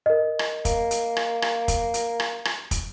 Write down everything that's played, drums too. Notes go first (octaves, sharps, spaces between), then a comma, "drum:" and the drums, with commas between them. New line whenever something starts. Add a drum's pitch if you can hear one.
A#4 D#5
drum: rim click
A#3, drum: kick, hi-hat
drum: hi-hat
drum: rim click
drum: rim click
drum: kick, hi-hat
drum: hi-hat
drum: rim click
drum: rim click
drum: kick, hi-hat